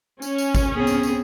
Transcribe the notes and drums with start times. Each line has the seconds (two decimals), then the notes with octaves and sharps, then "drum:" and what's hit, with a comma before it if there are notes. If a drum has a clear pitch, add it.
0.22 C#4, drum: tambourine
0.38 drum: tambourine
0.55 drum: kick G#1, tambourine
0.74 B3 C4 G#4
0.87 drum: tambourine
1.03 drum: tambourine